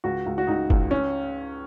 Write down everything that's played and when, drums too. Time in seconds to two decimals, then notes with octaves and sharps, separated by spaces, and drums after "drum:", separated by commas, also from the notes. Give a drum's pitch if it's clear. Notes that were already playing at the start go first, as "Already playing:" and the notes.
0.04 C#2 F#4
0.26 C#2
0.38 F#4
0.47 C#2 D#4
0.70 C#2, drum: kick
0.91 C#4